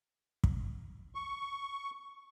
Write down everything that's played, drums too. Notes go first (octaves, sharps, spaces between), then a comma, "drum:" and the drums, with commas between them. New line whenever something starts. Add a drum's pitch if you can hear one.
drum: kick
C#6